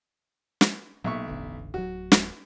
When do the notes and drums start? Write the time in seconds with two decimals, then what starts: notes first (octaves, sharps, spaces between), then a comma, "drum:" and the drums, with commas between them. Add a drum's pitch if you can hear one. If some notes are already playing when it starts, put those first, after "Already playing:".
0.61 drum: snare
1.04 B1 F#3 A#3 E5 C#6
1.28 E1 A1 D3
1.74 D1 F#3 F#4
2.12 drum: snare